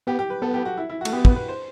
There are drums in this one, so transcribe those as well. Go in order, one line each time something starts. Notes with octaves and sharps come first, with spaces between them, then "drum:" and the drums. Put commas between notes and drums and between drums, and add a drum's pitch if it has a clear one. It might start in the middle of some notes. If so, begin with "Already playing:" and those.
B3 G4
G4
B4
B3 A4
G4
F#4
E4
E4
F#4
A3, drum: cymbal
B3 G4
B4, drum: kick
B4
C5